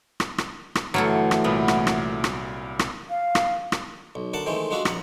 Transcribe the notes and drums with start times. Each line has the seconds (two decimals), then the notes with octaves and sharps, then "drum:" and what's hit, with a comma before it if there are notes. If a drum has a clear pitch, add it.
0.20 drum: rim click
0.38 drum: rim click
0.75 drum: rim click
0.94 G1 E3 F#3 A3 E4 A4 F6 C#7
1.31 drum: rim click
1.44 C2 A#2 B3 B5
1.68 drum: rim click
1.87 drum: rim click
2.24 drum: rim click
2.79 drum: rim click
3.09 F5
3.35 drum: rim click
3.72 drum: rim click
4.15 B1
4.33 D2 A#4 F#5 A5
4.46 D#3 E3 G#3 A3 C4
4.71 G#3 D4 F4 F#4 E5 F5
4.85 A#1 F#5 A#5, drum: rim click